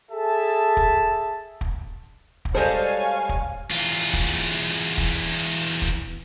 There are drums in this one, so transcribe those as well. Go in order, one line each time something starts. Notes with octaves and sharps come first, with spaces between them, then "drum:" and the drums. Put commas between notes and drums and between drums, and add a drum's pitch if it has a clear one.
G#4 A4 E5 A5
drum: kick
drum: kick
drum: kick
G3 G#3 A4 C5 C#5 F5 G#5
drum: kick
E2 F4
drum: kick
drum: kick
drum: kick